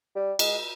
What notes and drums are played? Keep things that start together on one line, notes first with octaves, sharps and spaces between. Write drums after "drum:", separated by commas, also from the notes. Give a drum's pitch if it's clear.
G3
G#3, drum: cymbal